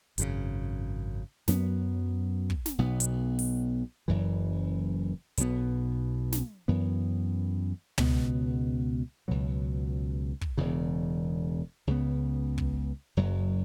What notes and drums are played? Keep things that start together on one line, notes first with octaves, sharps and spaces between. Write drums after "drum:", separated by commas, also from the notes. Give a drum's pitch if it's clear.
G#1 F#2 C#3, drum: hi-hat
F#2 F#3 B3, drum: snare
drum: kick
drum: snare
B1 B2 B3
drum: hi-hat
drum: open hi-hat
F#1 F#2 E3
B1 B2 B3, drum: hi-hat
drum: snare
F#2 E3 B3
C#2 B2 B3, drum: tom
C#2 B2 F#3
drum: kick
E1 E2 C#3
C#2 C#3 F#3 B3
drum: kick
F#1 F#2 F#3